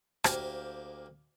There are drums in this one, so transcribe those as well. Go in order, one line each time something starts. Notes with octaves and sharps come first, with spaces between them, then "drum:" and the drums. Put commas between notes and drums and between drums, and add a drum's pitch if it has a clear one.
D2 A#3 G4 C5 F5, drum: rim click